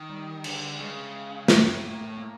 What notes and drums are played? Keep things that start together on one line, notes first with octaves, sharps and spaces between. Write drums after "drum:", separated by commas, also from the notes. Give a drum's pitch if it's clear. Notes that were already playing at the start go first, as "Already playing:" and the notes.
Already playing: D#3
G3
D3, drum: cymbal
C#3 G#3
A2 A3, drum: snare
A#3
A3
A#3